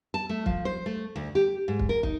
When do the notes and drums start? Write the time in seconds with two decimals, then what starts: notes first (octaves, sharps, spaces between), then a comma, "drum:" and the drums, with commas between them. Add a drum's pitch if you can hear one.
0.14 A5
0.29 A3
0.46 F3, drum: kick
0.65 C5
0.86 A3
1.16 D2
1.35 G4
1.68 G#2
1.80 drum: kick
1.89 A#4
2.03 D#4, drum: kick